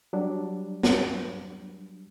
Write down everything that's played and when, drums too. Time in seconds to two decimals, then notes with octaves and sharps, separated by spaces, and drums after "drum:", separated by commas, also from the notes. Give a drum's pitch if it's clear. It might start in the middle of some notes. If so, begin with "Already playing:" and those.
0.13 F#3 G3 D4
0.83 drum: snare